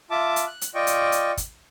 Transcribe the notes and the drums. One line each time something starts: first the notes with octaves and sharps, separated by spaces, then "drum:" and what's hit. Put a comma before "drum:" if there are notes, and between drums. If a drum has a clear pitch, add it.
F4 E5 A5 D6
drum: hi-hat
F#6
drum: hi-hat
F4 D5 D#5 G5 C#6
drum: hi-hat
drum: hi-hat
drum: kick, hi-hat